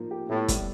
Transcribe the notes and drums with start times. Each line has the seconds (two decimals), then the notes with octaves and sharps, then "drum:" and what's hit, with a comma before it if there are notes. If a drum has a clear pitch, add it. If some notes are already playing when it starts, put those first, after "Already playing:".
Already playing: F3 A#3 D#4
0.11 G4
0.30 A2 B3
0.48 G3, drum: kick, hi-hat